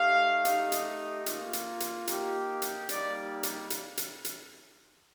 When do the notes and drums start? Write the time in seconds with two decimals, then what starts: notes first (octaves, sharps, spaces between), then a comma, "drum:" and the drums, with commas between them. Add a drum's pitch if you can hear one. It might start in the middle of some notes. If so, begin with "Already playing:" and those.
Already playing: A3 D#4 G4 F5
0.45 A3 D#4 G4, drum: hi-hat
0.72 drum: hi-hat
1.26 A#3 F4, drum: hi-hat
1.53 drum: hi-hat
1.80 drum: hi-hat
2.07 A#3 D#4 G4, drum: hi-hat
2.62 drum: hi-hat
2.89 G3 A#3 D#4 G4 D5, drum: hi-hat
3.43 drum: hi-hat
3.70 drum: hi-hat
3.97 drum: hi-hat
4.25 drum: hi-hat